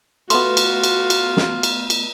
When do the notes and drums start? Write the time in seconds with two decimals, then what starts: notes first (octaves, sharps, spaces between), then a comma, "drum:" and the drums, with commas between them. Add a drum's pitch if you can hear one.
0.30 A3 B3 F4 F#4 C6, drum: cymbal
0.57 drum: cymbal
0.84 drum: cymbal
1.10 drum: cymbal
1.37 drum: snare
1.63 drum: cymbal
1.90 drum: cymbal